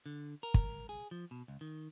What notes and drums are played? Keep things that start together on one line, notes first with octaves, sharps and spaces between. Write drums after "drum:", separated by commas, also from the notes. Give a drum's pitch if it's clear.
D3
A#4
drum: kick
G#4
F3
B2
C#2
D#3